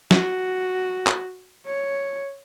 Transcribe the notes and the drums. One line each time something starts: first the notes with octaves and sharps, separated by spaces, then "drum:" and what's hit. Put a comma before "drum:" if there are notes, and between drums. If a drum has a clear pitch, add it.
F#4, drum: snare
drum: clap
C#5